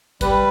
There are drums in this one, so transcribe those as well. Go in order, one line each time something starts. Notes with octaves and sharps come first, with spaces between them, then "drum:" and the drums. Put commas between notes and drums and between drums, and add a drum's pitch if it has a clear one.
G3 B4, drum: kick, hi-hat